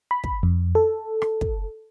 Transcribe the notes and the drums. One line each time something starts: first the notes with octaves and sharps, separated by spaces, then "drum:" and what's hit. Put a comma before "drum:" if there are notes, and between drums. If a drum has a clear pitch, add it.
B5
drum: kick
F2
A4
drum: rim click
drum: kick